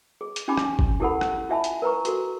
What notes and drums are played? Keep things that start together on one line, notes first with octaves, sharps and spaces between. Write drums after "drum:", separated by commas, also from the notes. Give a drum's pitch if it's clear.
G#4
drum: hi-hat
C#4 D#4 G4 G#5 B5 D6
drum: rim click
drum: kick G#1
E4 G4 A4 A#4 F#5 B5
drum: rim click
E4 F4 E5 G#5 A5 B5
drum: hi-hat
A#4 B4 A#5 C#6
F#4 A4 A#4, drum: hi-hat